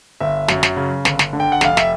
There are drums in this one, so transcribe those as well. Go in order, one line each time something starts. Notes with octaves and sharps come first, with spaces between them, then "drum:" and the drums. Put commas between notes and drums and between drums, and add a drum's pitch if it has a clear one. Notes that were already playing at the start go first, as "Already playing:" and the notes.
G1 E5
F#2, drum: snare
drum: snare
C#3
G1, drum: snare
drum: snare
D3
G5
F#5
F1 F5, drum: snare
E5, drum: snare